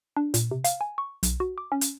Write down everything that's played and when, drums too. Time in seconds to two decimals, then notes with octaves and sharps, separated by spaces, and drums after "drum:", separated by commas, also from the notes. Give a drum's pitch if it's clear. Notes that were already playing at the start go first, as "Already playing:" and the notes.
0.17 D4
0.34 A#2, drum: hi-hat
0.51 C3
0.64 F5, drum: hi-hat
0.81 G#5
0.98 C#6
1.23 B1, drum: hi-hat
1.40 F#4
1.58 D6
1.72 C#4
1.81 drum: hi-hat